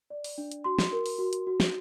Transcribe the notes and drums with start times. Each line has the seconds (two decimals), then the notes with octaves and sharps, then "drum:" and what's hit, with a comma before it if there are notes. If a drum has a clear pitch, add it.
0.10 D5
0.24 drum: open hi-hat
0.38 D4
0.51 drum: hi-hat
0.64 F#4 C6
0.79 drum: snare
0.92 A#4
1.06 drum: open hi-hat
1.19 F#4
1.33 drum: hi-hat
1.47 F#4
1.60 drum: snare